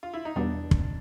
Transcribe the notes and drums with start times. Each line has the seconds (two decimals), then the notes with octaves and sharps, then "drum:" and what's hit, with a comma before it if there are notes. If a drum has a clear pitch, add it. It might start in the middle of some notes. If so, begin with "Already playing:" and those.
0.03 F4
0.13 E4
0.25 D#4
0.36 E2 B2 G3 B3 D4
0.71 drum: kick